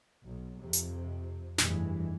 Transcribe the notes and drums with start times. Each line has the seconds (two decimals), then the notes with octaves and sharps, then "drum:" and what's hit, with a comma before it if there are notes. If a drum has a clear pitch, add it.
0.24 B1
0.60 F2 C3
0.73 drum: hi-hat
1.58 F1 G2 E3 G#3, drum: snare